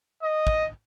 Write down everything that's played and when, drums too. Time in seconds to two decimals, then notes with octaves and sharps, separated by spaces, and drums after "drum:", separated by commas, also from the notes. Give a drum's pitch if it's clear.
0.23 D#5
0.47 drum: kick